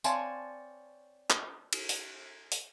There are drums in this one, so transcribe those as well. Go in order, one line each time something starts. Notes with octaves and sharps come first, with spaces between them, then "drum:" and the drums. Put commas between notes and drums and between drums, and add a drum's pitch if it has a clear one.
C4 C#5 D5 F5 G#5 A5, drum: tambourine
drum: clap
drum: cymbal
drum: open hi-hat
drum: open hi-hat